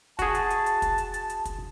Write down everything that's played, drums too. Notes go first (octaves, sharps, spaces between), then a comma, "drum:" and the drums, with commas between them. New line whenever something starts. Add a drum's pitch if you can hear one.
F#4 G#4 A5, drum: kick, hi-hat
drum: hi-hat
drum: hi-hat
drum: hi-hat
drum: kick, hi-hat
drum: hi-hat
drum: hi-hat
drum: hi-hat
drum: kick, hi-hat